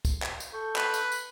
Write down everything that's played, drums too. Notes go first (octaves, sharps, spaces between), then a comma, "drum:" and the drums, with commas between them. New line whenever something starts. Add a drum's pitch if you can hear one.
drum: kick, tambourine
drum: clap
drum: tambourine
A4 C#6 G6
B4, drum: clap
drum: tambourine
drum: tambourine